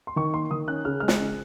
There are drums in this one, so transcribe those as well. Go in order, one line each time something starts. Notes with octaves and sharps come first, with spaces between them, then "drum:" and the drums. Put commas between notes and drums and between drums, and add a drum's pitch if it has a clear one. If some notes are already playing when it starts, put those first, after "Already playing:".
C6
D#3 C#6
A#3 C6
D#3 D#6
C#4 F#6
C#3 F6
G#3 F6
F#6, drum: snare
C#3